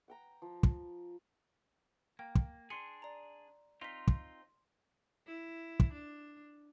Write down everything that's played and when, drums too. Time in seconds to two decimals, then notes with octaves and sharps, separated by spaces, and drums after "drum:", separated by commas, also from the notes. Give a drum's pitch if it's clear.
0.08 F#5 G5 A#5
0.42 F3
0.63 drum: kick
2.19 A#3 G5
2.36 drum: kick
2.70 D4 G#4 C6 C#7
3.02 D5 A#5
3.81 C4 D#4 F4 C6 B6
4.08 drum: kick
5.26 E4
5.80 drum: kick
5.93 D4